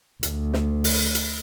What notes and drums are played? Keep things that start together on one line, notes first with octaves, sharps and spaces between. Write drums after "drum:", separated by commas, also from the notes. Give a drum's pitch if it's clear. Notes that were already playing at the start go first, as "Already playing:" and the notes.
D2, drum: hi-hat
drum: snare
drum: open hi-hat
drum: hi-hat